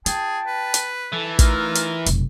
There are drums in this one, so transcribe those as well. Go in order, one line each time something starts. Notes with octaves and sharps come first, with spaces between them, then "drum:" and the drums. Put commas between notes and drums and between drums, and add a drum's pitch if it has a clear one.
F4 G#4 G5 A5, drum: hi-hat
B4
drum: hi-hat
E3 A4
A3 D#4 F4 A#4, drum: kick, hi-hat
drum: hi-hat
F1 B1, drum: hi-hat